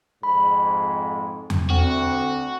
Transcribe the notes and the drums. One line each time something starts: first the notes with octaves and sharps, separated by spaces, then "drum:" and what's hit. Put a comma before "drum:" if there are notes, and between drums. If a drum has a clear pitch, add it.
F2 G#2 B5
drum: tom E2
D2 C4 F#4